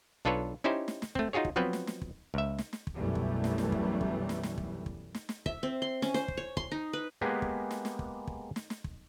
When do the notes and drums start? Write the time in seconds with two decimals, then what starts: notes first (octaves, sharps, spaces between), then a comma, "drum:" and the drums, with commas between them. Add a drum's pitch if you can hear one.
0.25 B1 D4 F4 A4 B4 C#5
0.64 C#4 D#4 E4 G4 C5
0.88 drum: snare
1.02 drum: snare
1.15 A3 C4, drum: kick
1.33 D#4 F4 F#4 G#4 C#5
1.45 drum: kick
1.56 F3 F#3 B3 C4 B4
1.73 drum: snare
1.87 drum: snare
2.02 drum: kick
2.34 C#2 E5
2.58 drum: snare
2.73 drum: snare
2.87 drum: kick
2.96 B1 F#2 E3 G3 A3 B3
3.15 drum: kick
3.44 drum: snare
3.58 drum: snare
3.72 drum: kick
4.01 drum: kick
4.29 drum: snare
4.43 drum: snare
4.58 drum: kick
4.86 drum: kick
5.15 drum: snare
5.29 drum: snare
5.46 E5, drum: kick
5.63 C4
5.82 C6
6.02 C#4, drum: snare
6.14 C5, drum: snare
6.28 drum: kick
6.37 C#5
6.57 C6, drum: kick
6.72 D#4
6.93 B4
7.21 G#3 A#3 B3 G4 G#4 B4
7.42 drum: kick
7.71 drum: snare
7.85 drum: snare
7.99 drum: kick
8.27 drum: kick
8.56 drum: snare
8.70 drum: snare
8.84 drum: kick